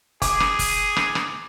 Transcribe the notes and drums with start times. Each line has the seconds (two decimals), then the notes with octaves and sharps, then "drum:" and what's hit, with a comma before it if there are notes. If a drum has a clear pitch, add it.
0.22 G#4 D6, drum: kick F#1, hi-hat
0.40 drum: rim click
0.59 drum: kick F#1, open hi-hat
0.97 drum: rim click
1.15 drum: rim click